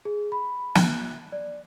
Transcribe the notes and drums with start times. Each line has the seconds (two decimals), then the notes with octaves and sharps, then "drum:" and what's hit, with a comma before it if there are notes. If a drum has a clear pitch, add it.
0.05 G#4
0.32 B5
0.75 F#6, drum: snare
1.32 D5